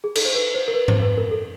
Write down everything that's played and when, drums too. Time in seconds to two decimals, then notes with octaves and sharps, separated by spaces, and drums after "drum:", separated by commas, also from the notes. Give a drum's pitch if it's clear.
0.04 G#4
0.15 A4, drum: cymbal
0.25 C5
0.35 B4
0.55 C5
0.68 A#4
0.74 B4
0.88 C5, drum: tom G#2
1.02 B4
1.17 A#4
1.31 A4